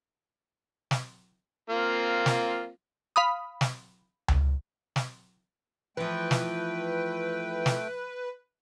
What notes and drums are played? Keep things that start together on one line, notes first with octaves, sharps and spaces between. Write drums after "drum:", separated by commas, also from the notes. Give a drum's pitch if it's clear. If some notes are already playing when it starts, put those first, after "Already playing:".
drum: snare
A#3 C4 F4
drum: snare
F5 B5 D#6
drum: snare
drum: tom C#2
drum: snare
E3 F3 A3 B4 G5
drum: snare
drum: snare